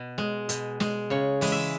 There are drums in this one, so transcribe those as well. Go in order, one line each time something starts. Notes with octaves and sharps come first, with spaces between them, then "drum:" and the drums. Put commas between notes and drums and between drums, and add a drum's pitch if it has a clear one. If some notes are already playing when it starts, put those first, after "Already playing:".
Already playing: B2
G#3
B2, drum: hi-hat
G#3, drum: snare
C#3 C#5
E3 G#3, drum: open hi-hat
E5